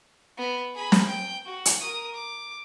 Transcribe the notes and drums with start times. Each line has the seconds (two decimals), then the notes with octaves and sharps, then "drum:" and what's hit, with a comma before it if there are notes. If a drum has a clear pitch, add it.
0.37 B3
0.74 G#4 B5
0.92 drum: snare
1.07 G5
1.46 F#4
1.65 drum: hi-hat
1.81 A#4 D#6
2.14 D6